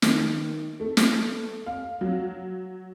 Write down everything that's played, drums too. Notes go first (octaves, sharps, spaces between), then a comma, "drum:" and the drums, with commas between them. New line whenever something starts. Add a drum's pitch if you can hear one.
D#3, drum: snare
A3
drum: snare
F5
F#3